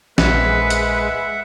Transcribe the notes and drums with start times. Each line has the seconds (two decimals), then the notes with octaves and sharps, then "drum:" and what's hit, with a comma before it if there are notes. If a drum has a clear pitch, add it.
0.18 A#1 G#3 B4 E5 F#5, drum: snare
0.70 drum: hi-hat